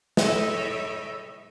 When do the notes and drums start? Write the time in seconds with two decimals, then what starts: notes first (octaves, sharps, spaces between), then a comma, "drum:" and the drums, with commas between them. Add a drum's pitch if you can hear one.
0.17 A4 C#5 D#5 E5 G5 B5, drum: snare